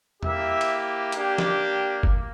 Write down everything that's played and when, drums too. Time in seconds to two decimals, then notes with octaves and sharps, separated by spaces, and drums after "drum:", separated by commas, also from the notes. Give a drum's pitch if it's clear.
0.23 A#3 E4 G4 E5, drum: tom E2
0.61 drum: cymbal
1.12 A#3 D4 G4, drum: hi-hat
1.38 drum: snare
2.03 A#3, drum: kick